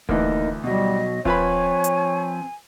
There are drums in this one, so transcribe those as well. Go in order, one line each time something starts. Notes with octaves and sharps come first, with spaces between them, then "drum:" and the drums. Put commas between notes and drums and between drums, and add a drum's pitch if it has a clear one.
D2 E3 A#3 D#4, drum: kick D#1
B2 F#3 G3 D#5
F3 C4 F4 B4 C#5 G#5 B5, drum: kick D#1
drum: hi-hat